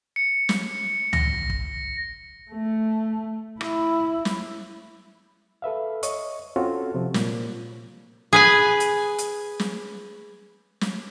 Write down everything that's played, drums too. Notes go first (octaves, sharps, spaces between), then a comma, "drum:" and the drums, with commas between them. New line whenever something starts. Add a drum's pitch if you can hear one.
C#7
drum: snare
A#6, drum: tom C#2
drum: kick
A3
E4, drum: rim click
drum: snare
A4 B4 E5 F5
C#5 D#5 C#6, drum: hi-hat
C4 C#4 F4 F#4 A4 C#5
C3 F3
A#2, drum: snare
G#4 B4 G#5
drum: hi-hat
drum: hi-hat
drum: snare
drum: snare